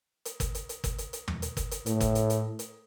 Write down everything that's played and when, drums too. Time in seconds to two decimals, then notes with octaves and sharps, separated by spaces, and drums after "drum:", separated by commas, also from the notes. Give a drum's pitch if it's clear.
0.25 drum: hi-hat
0.40 drum: kick, hi-hat
0.55 drum: hi-hat
0.69 drum: hi-hat
0.84 drum: kick, hi-hat
0.98 drum: hi-hat
1.13 drum: hi-hat
1.28 drum: tom
1.42 drum: hi-hat
1.57 drum: kick, hi-hat
1.71 drum: hi-hat
1.86 A2, drum: hi-hat
2.01 drum: kick, hi-hat
2.15 drum: hi-hat
2.30 drum: hi-hat
2.59 drum: hi-hat